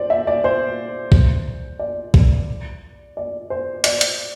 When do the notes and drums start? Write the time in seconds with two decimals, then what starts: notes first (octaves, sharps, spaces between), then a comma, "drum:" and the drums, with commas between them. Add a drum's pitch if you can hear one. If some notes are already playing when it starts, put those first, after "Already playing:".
Already playing: C5 D5
0.10 E5
0.27 D5
0.44 C5
1.12 drum: kick A#1
1.79 D5
2.14 drum: kick A#1
3.17 D5
3.50 C5
3.84 D5, drum: hi-hat
4.01 drum: hi-hat